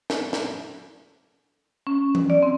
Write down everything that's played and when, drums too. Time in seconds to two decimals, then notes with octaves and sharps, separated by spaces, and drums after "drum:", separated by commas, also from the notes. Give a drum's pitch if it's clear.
0.10 drum: snare
0.33 drum: snare
1.87 C#4
2.15 drum: tom E3
2.30 D5
2.43 C4